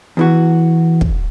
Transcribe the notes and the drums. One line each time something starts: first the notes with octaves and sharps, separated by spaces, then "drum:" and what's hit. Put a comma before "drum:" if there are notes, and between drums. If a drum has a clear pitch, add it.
E2 E3 F#4
drum: kick